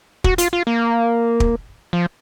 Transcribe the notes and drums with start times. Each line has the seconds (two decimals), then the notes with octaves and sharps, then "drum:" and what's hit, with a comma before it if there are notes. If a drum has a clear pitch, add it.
0.24 F#4, drum: kick
0.38 F4, drum: hi-hat
0.53 F4
0.67 A#3
1.40 drum: kick
1.93 F3